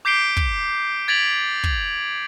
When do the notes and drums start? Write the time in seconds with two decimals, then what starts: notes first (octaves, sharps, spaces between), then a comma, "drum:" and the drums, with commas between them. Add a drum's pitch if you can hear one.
0.05 D6 G6 B6 C7 D7 G7
0.37 drum: kick
1.08 G#6 A6 B6 D7 F7 F#7
1.64 drum: kick